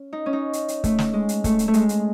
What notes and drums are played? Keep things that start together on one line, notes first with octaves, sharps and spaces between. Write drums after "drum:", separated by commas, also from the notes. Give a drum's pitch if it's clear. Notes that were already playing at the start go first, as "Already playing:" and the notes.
Already playing: C#4
D#4
C#4
D#4
drum: hi-hat
drum: hi-hat
A3, drum: kick, hi-hat
drum: snare
G#3
drum: hi-hat
A3, drum: kick, hi-hat
drum: hi-hat
A3
G#3, drum: hi-hat
drum: hi-hat